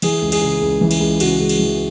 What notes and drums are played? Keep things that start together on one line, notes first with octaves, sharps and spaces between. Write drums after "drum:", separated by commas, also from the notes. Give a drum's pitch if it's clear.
E3 G#4, drum: cymbal
C#2
G#4, drum: cymbal
C#3
C#2
E3
drum: cymbal
C#2
C#3 F#4, drum: cymbal
C#2
drum: cymbal
E3